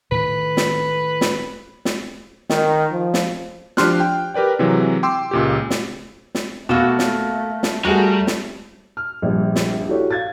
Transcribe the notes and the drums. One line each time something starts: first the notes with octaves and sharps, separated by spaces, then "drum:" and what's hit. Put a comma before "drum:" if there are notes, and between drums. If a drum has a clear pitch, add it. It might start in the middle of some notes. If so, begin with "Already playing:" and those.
A2 D#3 B4
drum: snare
drum: snare
drum: snare
D#3, drum: snare
F3
drum: snare
F3 D4 G4 C6 F6 F#6, drum: snare
G5
G4 A#4 B4 D5 G5
C3 E3 F#3 G#3
G5 C6 D6 E6
C#2 A#2 G4
drum: snare
drum: snare
B2 A3 A#3 F#4 E6
drum: snare
drum: snare
G3 A3 F#4 G#4 A#4
drum: snare
F6
A#1 G2
drum: snare
E4 F#4 G4 A4 C#5 D5
F5 G#6 A6